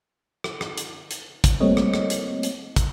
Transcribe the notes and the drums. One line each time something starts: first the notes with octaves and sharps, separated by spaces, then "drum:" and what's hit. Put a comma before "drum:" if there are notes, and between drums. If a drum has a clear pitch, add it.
drum: rim click
drum: rim click
drum: hi-hat
drum: hi-hat
drum: kick, hi-hat
G3 A3 A#3 C4 C#5 D#5
drum: rim click
drum: rim click
drum: hi-hat
drum: hi-hat
drum: kick, hi-hat